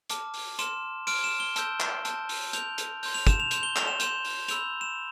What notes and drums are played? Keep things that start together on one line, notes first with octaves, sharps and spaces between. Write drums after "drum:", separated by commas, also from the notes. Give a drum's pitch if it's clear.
A5 D6 F6, drum: hi-hat
drum: open hi-hat
C6 F6 E7, drum: hi-hat
C6 F6 D7, drum: open hi-hat
E7
G7
A5 E6 G6, drum: hi-hat
drum: clap
A5 E6 G6, drum: hi-hat
drum: open hi-hat
C6 G6 F7, drum: hi-hat
drum: hi-hat
C6 G6, drum: open hi-hat
F7
E7, drum: kick, hi-hat
F7
C6 G6 F7, drum: hi-hat
G7
F7, drum: clap
E7
C6 G6 E7, drum: hi-hat
drum: open hi-hat
B5 E6 G6 F7, drum: hi-hat
E7